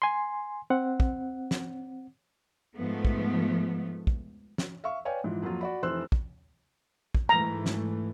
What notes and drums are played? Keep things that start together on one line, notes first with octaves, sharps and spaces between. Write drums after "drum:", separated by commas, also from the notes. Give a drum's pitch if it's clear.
G#5 C6
C4 F#5
drum: kick
drum: snare
G#2 F3 A3 B3
drum: kick
drum: kick
drum: snare
E5 F5 C#6
B4 C#5 D5 F5 G5 G#5
G#2 E3 F3
F2 F#3 A#3 F4
F#4 D5 B5
F1 E3 C5 C6 E6 F#6
drum: kick
drum: kick
G#2 E3 A3 A#5
drum: snare